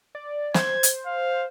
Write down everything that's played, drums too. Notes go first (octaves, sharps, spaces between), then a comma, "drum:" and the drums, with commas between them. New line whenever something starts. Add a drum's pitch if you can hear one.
D5
C5 G#6, drum: snare
drum: hi-hat
F5